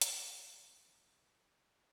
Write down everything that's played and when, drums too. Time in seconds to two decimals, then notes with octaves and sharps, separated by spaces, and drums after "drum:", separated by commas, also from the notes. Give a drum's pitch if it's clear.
0.02 C4 D4 E4 F#4, drum: hi-hat